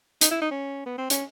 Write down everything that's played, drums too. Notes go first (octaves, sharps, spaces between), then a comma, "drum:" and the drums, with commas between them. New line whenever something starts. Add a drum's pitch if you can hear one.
D#4, drum: hi-hat
E4
D#4
C#4
B3
C4
C#4, drum: hi-hat